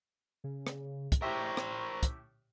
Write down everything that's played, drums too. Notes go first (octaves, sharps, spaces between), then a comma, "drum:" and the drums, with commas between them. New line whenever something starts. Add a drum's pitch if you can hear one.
C#3
drum: rim click
drum: kick, hi-hat
A2 G4 A#4 C5 E5 C#6
drum: rim click
drum: kick, hi-hat